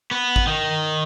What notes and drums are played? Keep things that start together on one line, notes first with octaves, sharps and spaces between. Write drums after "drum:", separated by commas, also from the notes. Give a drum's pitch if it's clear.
B3
drum: kick G#1
D#3